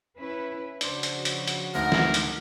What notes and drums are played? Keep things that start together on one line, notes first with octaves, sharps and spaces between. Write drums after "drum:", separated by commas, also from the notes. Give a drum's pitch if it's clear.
C#4 E4 B4
C#3 F3 D4 F#4 C5, drum: hi-hat
drum: hi-hat
drum: hi-hat
drum: hi-hat
D2 G#2 A#4 F#5
drum: snare
drum: hi-hat